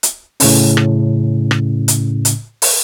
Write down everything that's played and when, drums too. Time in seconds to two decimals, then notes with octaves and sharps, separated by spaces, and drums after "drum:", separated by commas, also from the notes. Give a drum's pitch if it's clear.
0.03 drum: hi-hat
0.40 A2 C#3 C#4, drum: open hi-hat
0.77 drum: rim click
1.51 drum: rim click
1.88 drum: hi-hat
2.25 drum: hi-hat
2.62 drum: open hi-hat